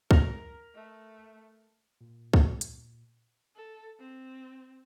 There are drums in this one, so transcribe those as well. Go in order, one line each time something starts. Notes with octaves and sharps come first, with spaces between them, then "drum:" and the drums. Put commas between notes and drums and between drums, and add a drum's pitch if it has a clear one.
A#4 F6 A#6 F7, drum: kick C#2
A3
A#2
drum: kick C#2
drum: hi-hat
A4
C4